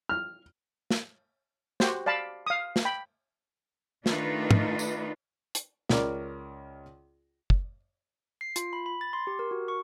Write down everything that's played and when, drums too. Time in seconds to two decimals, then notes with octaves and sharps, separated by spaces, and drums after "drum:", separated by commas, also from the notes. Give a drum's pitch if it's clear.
0.09 F6
0.91 drum: snare
1.80 F#4 G4 C5, drum: snare
2.06 D5 F5 A5 B5
2.46 F5 D#6
2.76 drum: snare
2.85 G5 B5
4.06 D#3 A3 D4 D#4 F4 B4, drum: snare
4.51 drum: tom
4.79 drum: tambourine
5.55 drum: hi-hat
5.89 C#2 C#4 A#4 D5 D6, drum: snare
7.50 drum: kick
8.41 C7
8.56 F4, drum: hi-hat
8.73 B5
8.86 B5
9.01 A6
9.13 C6
9.27 G4
9.39 A#4
9.51 F#4
9.68 C#6